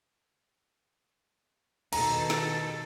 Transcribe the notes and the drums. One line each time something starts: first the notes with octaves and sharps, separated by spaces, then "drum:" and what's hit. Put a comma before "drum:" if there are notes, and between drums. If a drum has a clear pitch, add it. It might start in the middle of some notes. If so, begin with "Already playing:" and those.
B2 D#3 A4 A#5, drum: cymbal
drum: snare